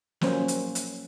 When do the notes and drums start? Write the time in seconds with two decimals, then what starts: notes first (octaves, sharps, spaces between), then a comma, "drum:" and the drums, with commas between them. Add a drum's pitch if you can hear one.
0.21 F3 F#3 A#3 C#4 C5 C#5, drum: snare
0.48 drum: hi-hat
0.75 drum: hi-hat